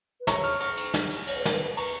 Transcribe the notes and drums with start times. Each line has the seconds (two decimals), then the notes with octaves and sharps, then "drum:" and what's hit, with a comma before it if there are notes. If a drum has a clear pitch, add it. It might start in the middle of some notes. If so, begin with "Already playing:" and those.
0.20 B4
0.27 C#5 A#5 C#6, drum: snare
0.44 C#6 F6, drum: cymbal
0.60 C#6 F6, drum: cymbal
0.77 drum: cymbal
0.94 drum: snare
1.10 drum: cymbal
1.27 C#5, drum: cymbal
1.36 B4
1.45 A#4, drum: snare
1.55 B4
1.77 A#5 C#6, drum: cymbal